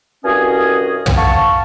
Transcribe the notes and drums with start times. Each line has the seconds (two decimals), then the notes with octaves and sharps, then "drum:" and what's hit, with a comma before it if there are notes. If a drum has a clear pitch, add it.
0.25 C2 G2 C#4 F#4 G#4 D#5
1.06 drum: tom
1.16 F5 F#5 A5 C#6